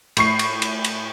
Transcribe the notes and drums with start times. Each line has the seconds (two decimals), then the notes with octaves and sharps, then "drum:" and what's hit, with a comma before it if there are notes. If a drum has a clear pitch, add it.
0.17 A2 C#6 C7, drum: cymbal
0.39 drum: cymbal
0.62 drum: cymbal
0.84 drum: cymbal